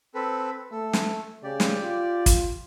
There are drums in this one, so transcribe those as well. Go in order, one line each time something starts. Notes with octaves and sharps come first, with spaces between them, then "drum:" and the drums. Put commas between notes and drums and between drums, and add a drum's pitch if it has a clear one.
C4 A4 B4
A3 A4
drum: snare
C#3 G4 D5
drum: snare
F4
drum: kick, hi-hat